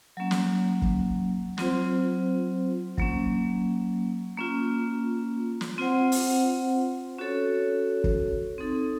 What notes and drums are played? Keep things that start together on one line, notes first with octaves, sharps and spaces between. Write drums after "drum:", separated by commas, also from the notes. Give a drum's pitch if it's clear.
F#3 A#3 C#4
drum: snare
drum: kick
F#3 C4 F4 C5, drum: snare
F#3 A#3 C#4, drum: kick
A#3 C#4 F4
drum: snare
C4 F4 C5 F#5
drum: open hi-hat
C#4 F#4 A4 C#5
drum: kick
C4 D#4 A4